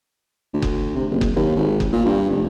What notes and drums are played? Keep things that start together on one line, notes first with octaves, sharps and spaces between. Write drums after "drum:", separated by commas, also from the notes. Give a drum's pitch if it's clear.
D2
drum: kick F#1
C3
F#1
drum: kick F#1
D#2
G#1
drum: kick F#1
A#2
G2
F1